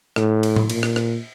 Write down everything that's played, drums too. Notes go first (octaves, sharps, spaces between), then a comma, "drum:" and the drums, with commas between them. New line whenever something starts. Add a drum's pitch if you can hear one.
A2, drum: rim click
drum: cymbal
drum: tom A2
A#2, drum: cymbal
drum: rim click
drum: rim click